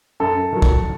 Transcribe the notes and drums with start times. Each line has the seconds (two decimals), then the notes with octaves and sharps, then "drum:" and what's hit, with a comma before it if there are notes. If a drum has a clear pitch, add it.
0.20 F#2 A4
0.52 D#3 F#3
0.62 drum: kick